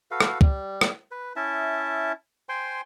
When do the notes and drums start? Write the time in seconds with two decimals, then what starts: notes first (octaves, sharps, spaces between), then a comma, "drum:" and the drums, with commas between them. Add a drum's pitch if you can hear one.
0.11 F#4 A4 B4 F5
0.20 drum: rim click
0.41 G3, drum: kick
0.81 drum: rim click
1.11 B4
1.36 C#4 E4 E5 A5
2.49 C5 G5 G#5 C6